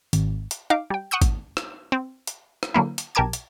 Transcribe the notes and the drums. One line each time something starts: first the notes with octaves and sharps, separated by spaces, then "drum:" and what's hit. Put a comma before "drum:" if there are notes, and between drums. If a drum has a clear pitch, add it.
G#1, drum: hi-hat
drum: hi-hat
D#4 F5 D6
G3 G5
F#5 C#6 D#6 E6 G6
drum: kick G#1, hi-hat
drum: rim click
C4
drum: hi-hat
drum: rim click
D3 F#3 A#3 E4
drum: hi-hat
B1 G4 A#4 A5 D6 G#6
drum: hi-hat